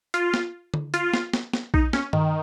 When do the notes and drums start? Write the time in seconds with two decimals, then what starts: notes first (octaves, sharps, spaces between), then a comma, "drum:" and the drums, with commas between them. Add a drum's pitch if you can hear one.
0.14 F4, drum: hi-hat
0.34 drum: snare
0.74 drum: tom D3
0.94 F4, drum: hi-hat
1.14 drum: snare
1.34 drum: snare
1.53 drum: snare
1.74 D#4, drum: kick A#1
1.93 C#4, drum: snare
2.13 D#3, drum: tom G2